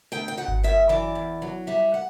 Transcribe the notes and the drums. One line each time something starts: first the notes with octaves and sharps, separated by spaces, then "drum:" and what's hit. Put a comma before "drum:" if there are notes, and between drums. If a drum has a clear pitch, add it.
D2 G5
G5
D2 F#5
drum: kick G1
F#2 E5
E3 D5
E2
F#3
G3 E5
F#5